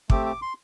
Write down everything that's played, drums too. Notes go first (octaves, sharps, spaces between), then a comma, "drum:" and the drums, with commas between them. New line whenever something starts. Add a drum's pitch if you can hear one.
A3 C4 G4 D6, drum: kick
D6
C6